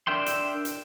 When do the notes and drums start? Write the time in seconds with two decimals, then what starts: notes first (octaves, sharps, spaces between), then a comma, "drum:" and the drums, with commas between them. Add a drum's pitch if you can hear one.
0.07 D4 A#4 E5 G5 C6
0.26 drum: hi-hat
0.65 drum: hi-hat